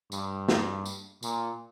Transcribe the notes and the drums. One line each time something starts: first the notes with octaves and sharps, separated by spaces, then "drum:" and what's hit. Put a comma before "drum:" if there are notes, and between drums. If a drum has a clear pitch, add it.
G2, drum: tambourine
drum: snare
drum: tambourine
A#2, drum: tambourine